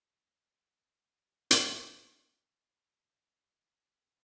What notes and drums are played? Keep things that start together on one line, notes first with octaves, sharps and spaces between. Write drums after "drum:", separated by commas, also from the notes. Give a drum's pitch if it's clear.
A1 A#3
G5 A5
drum: hi-hat
A#2 A3 D#5 E5 F#6
D#5 G#5